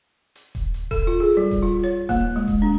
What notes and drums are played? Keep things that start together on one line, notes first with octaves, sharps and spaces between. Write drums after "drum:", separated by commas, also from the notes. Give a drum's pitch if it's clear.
drum: hi-hat
drum: kick D#1, hi-hat
drum: hi-hat
A4, drum: kick D#1, hi-hat
F4
G#4
G3
drum: kick D#1, hi-hat
F4
C#5
A#3, drum: kick D#1, hi-hat
G#3
drum: kick D#1, hi-hat
D4